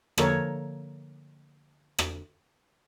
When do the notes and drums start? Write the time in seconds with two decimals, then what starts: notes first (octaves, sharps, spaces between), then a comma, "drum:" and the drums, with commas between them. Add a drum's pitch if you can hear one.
0.18 D3 F3 A#3 A4 A#4 C#5, drum: rim click
1.99 drum: rim click